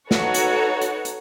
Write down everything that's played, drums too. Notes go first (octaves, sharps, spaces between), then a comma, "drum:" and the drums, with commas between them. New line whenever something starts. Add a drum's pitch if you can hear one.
D#4 F#4 A4 B4 C#5, drum: snare
drum: hi-hat
drum: hi-hat
drum: hi-hat